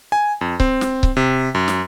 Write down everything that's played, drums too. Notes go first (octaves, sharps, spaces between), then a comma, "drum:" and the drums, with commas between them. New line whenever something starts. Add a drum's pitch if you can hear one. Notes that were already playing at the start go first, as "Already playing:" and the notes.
G#5
F2
C4, drum: kick C#1
drum: snare
drum: kick C#1
C3
F#2
drum: snare